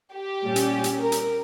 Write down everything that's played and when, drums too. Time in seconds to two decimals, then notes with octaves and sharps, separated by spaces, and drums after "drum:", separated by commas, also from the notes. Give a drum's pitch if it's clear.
0.14 G4
0.42 A#2 G3 C#4
0.56 drum: hi-hat
0.84 drum: hi-hat
0.98 A#4
1.12 drum: hi-hat